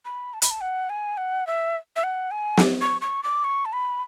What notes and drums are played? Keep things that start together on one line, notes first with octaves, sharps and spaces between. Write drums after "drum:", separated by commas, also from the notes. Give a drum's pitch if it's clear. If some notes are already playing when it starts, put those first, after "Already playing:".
B5
A5
B5, drum: hi-hat
A5
F#5
G#5
F#5
E5
E5
F#5
G#5
drum: snare
C#6
C#6
D6
C#6
A5
B5